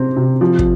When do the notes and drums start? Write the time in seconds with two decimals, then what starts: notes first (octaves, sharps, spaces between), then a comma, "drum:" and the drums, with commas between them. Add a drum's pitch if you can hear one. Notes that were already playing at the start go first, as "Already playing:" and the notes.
Already playing: C3 C4
0.17 C3
0.41 F3
0.59 drum: kick